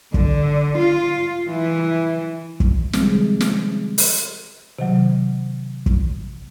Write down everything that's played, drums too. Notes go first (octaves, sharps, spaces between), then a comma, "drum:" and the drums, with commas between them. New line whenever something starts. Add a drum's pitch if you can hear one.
D3, drum: kick
F4
E3
drum: kick
C3 D#3 F3 G3 G#3 C4, drum: snare
drum: snare
drum: open hi-hat
C3 D#3 F#3
drum: kick